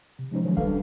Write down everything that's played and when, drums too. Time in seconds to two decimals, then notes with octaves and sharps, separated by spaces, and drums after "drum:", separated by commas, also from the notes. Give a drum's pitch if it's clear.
0.19 C3
0.32 F3 G#3 C#4 D#4 C5
0.44 D#3 F3 F#3 G#3 A3 C#4
0.57 G3 D4 A4 B4 F5, drum: kick F1